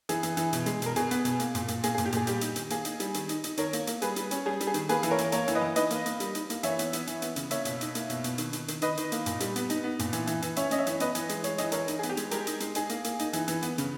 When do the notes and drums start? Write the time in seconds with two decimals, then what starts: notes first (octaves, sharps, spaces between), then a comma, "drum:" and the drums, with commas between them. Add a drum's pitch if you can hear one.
0.09 E3 G#4, drum: hi-hat
0.23 E3, drum: hi-hat
0.37 E3, drum: hi-hat
0.53 B2, drum: hi-hat
0.66 G#3, drum: hi-hat
0.82 B2 A#4, drum: hi-hat
0.96 B2 G#4, drum: hi-hat
1.11 B3, drum: hi-hat
1.25 B2, drum: hi-hat
1.40 A#3, drum: hi-hat
1.55 A#2, drum: hi-hat
1.68 A#2, drum: hi-hat
1.83 A#3 G#4, drum: hi-hat
1.94 G#4
1.98 A#2, drum: hi-hat
2.05 G4
2.12 A#2 G#4, drum: hi-hat
2.27 G3 G4, drum: hi-hat
2.41 D#4, drum: hi-hat
2.56 D#3, drum: hi-hat
2.70 A#3 G#4, drum: hi-hat
2.85 D#4, drum: hi-hat
3.00 G3, drum: hi-hat
3.14 D#3, drum: hi-hat
3.29 D#4, drum: hi-hat
3.44 D#4, drum: hi-hat
3.57 D#3 A#4 C#5, drum: hi-hat
3.73 A#3, drum: hi-hat
3.87 A#3, drum: hi-hat
4.02 G3 G#4 B4, drum: hi-hat
4.16 G3, drum: hi-hat
4.31 C#4, drum: hi-hat
4.46 G3 G#4
4.60 G3, drum: hi-hat
4.67 G#4
4.74 D#3, drum: hi-hat
4.89 A#3 G#4 B4, drum: hi-hat
5.03 E3, drum: hi-hat
5.11 A#4 C#5
5.18 A#3, drum: hi-hat
5.32 A#3 A#4 C#5, drum: hi-hat
5.48 E3, drum: hi-hat
5.55 B4 D#5
5.61 E3
5.76 D#4 B4 D#5, drum: hi-hat
5.90 A#3, drum: hi-hat
6.06 A#3, drum: hi-hat
6.20 G3, drum: hi-hat
6.35 D#4, drum: hi-hat
6.50 A#3, drum: hi-hat
6.63 E3 C#5 E5, drum: hi-hat
6.79 B3, drum: hi-hat
6.93 B3, drum: hi-hat
7.07 E3, drum: hi-hat
7.22 B3, drum: hi-hat
7.36 C#3, drum: hi-hat
7.51 A#3 C#5 E5, drum: hi-hat
7.65 B2, drum: hi-hat
7.81 D#4, drum: hi-hat
7.95 A#3, drum: hi-hat
8.10 B2, drum: hi-hat
8.24 B2, drum: hi-hat
8.38 D#3, drum: hi-hat
8.53 D#3, drum: hi-hat
8.68 D#3, drum: hi-hat
8.82 D#3 B4 D#5, drum: hi-hat
8.97 D#3, drum: hi-hat
9.12 A#3, drum: hi-hat
9.26 A#2, drum: hi-hat
9.40 G3, drum: hi-hat
9.56 B3, drum: hi-hat
9.70 D#4, drum: hi-hat
9.84 B3
9.99 A#2, drum: hi-hat
10.13 E3, drum: hi-hat
10.27 E3, drum: hi-hat
10.42 E3, drum: hi-hat
10.56 C#4 C#5 E5, drum: hi-hat
10.71 C#4 D#5, drum: hi-hat
10.78 C#5 E5
10.87 E3, drum: hi-hat
11.00 B3 B4 D#5, drum: hi-hat
11.15 E3, drum: hi-hat
11.29 G#3, drum: hi-hat
11.44 G#3 C#5, drum: hi-hat
11.58 E3 D#5, drum: hi-hat
11.72 E3 A#4 C#5, drum: hi-hat
11.88 D#4, drum: hi-hat
11.99 G#4
12.03 B3, drum: hi-hat
12.09 G4
12.17 G#3, drum: hi-hat
12.31 G#3 G4 A#4, drum: hi-hat
12.47 D#4, drum: hi-hat
12.60 G#3, drum: hi-hat
12.75 D#4 G#4, drum: hi-hat
12.89 A#3, drum: hi-hat
13.04 A#3, drum: hi-hat
13.19 D#4, drum: hi-hat
13.33 E3, drum: hi-hat
13.48 E3, drum: hi-hat
13.62 B3, drum: hi-hat
13.78 C#3, drum: hi-hat